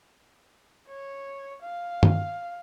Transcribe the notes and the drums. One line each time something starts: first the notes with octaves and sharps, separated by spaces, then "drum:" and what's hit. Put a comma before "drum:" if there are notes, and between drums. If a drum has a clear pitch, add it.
C#5
F5
drum: tom